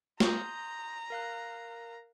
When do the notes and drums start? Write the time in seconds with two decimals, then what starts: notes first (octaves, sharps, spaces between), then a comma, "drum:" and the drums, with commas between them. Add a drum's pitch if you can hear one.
0.20 A#5 C6 D#6 G6, drum: snare
1.10 A#4 F5 F#6